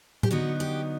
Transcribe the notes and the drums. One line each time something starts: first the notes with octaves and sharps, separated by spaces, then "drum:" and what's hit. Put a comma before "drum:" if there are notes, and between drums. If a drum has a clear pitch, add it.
G4, drum: tom A2
D3 F#3 B3 D#4 F#4
G4